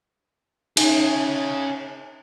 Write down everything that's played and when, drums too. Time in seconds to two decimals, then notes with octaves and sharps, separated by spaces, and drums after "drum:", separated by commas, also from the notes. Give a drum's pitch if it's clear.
0.77 C#4 D#4 G#4, drum: cymbal